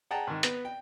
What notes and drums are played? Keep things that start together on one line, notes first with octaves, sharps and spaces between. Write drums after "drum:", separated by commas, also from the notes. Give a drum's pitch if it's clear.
G#4 F#5 G5 A5 A#5
G#2 D#3
B3, drum: hi-hat
G5